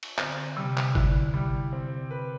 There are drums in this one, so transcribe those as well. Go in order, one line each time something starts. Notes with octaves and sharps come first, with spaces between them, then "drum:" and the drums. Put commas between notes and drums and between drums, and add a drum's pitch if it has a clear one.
drum: cymbal
D3 C4, drum: clap
C3 G3
drum: clap
D3 E4, drum: kick G1
G3
C4
B4